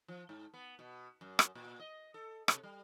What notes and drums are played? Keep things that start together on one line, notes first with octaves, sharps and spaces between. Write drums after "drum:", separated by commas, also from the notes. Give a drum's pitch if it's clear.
F3
G#2
B3
B2
F#2
drum: rim click
A#2
D#5
A4
C3, drum: rim click
G3